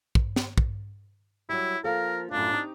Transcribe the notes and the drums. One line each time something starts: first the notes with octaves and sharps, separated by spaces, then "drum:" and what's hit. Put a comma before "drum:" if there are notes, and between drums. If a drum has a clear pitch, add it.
drum: kick
drum: snare
drum: kick
F#3 G3 E4
F3 A#3 A4 A#4
F#2 A2 F3 D4
C4 D#4 G4